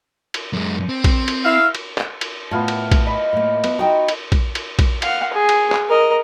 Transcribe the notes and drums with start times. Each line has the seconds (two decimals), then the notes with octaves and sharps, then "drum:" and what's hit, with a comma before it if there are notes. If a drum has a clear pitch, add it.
0.34 drum: cymbal
0.53 F#2 G#3
0.89 C4
1.04 drum: kick A#1, cymbal
1.28 drum: cymbal
1.44 E4 E5 F5
1.75 drum: cymbal
1.98 drum: clap
2.21 drum: cymbal
2.51 A2 B3 F4 A5
2.68 drum: cymbal
2.91 drum: kick A#1, cymbal
3.06 D#5 B5
3.33 A2 A#3
3.64 B3, drum: cymbal
3.79 D#4 F#4 F#5 G5
4.08 drum: cymbal
4.32 drum: kick A#1, cymbal
4.55 drum: cymbal
4.79 drum: kick A#1, cymbal
5.02 F5 F#5, drum: cymbal
5.33 G#4
5.49 drum: cymbal
5.72 drum: clap
5.89 A#4 D#5